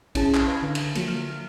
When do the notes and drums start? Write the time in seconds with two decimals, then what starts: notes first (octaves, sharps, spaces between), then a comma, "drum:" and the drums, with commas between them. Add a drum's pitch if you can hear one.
0.15 C#4 E4 G#4 A5, drum: kick B1, cymbal
0.34 drum: clap
0.47 B4 F5 G#6 A#6
0.62 D3
0.75 drum: cymbal
0.95 F3 F#3 A#3, drum: cymbal
1.08 F6